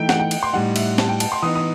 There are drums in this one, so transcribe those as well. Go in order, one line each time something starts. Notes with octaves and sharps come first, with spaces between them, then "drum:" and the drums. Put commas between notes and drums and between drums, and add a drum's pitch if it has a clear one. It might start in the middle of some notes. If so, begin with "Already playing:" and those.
Already playing: E3 A3 D#4 G5
F#5, drum: snare
G5
drum: cymbal
C6
A2 G3 D#4 F#5
E5, drum: cymbal
A5, drum: snare
G5
A5, drum: cymbal
C6
E3 B3 D#4 D#6
D#6